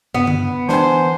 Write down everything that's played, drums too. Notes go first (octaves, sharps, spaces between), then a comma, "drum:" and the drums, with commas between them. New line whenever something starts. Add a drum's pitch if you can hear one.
G2 B3
drum: tom D3
E3 D4 C5 G#5, drum: snare